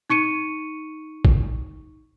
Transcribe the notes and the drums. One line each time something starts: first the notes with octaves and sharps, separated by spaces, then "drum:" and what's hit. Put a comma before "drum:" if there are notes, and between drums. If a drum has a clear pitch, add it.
D#4 C#6 C#7 D#7
drum: kick